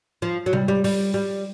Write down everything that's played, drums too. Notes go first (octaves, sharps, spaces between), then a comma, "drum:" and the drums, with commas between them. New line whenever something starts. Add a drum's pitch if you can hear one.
F3
F#3
G3, drum: tom C3
G3
G3, drum: open hi-hat
G3